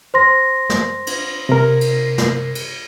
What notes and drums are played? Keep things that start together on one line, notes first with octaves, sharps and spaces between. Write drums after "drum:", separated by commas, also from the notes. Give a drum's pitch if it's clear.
C5 C6 A#6
drum: snare
drum: cymbal
C3 A#4
drum: cymbal
drum: snare
drum: cymbal